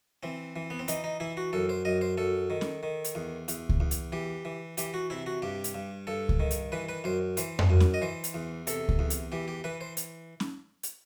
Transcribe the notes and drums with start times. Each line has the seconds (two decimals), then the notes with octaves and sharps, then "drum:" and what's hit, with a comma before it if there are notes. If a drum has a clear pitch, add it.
0.23 E3 C4
0.56 E3
0.70 B3
0.79 C4
0.88 E3 D#4, drum: hi-hat
1.04 D#4
1.20 E3 E4
1.37 F#4
1.53 F#2 A4
1.69 C5
1.85 F#2 D#5
2.01 C5
2.18 F#2 A4
2.50 D#3
2.61 drum: snare C#4
2.83 D#3
3.04 drum: hi-hat
3.15 E2
3.48 E2, drum: hi-hat
3.69 drum: kick C#2
3.80 E2
3.91 drum: hi-hat
4.12 E3 G4
4.45 E3
4.77 E3 G4, drum: hi-hat
4.94 F#4
5.10 C3 E4
5.26 F#4
5.42 G2 G4
5.64 drum: hi-hat
5.74 G2
6.07 G2 A4
6.29 drum: kick C#2
6.40 D#3
6.51 drum: hi-hat
6.72 E3 B4
6.89 B4
7.04 F#2 C5
7.37 E3 C5, drum: hi-hat
7.59 drum: tom F2
7.70 F#2
7.80 drum: snare C#4
7.94 D#5
8.01 E3 C5
8.24 drum: hi-hat
8.34 E2
8.67 C3 A4, drum: hi-hat
8.89 drum: kick C#2
8.99 E2
9.10 drum: hi-hat
9.32 E3 G4
9.48 G4
9.64 E3 B4
9.81 C5
9.97 drum: hi-hat
10.40 drum: snare C#4
10.83 drum: hi-hat